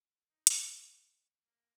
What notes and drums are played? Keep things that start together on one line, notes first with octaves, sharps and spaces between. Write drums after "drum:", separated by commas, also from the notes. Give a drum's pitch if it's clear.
D#4
drum: hi-hat
C4
A#3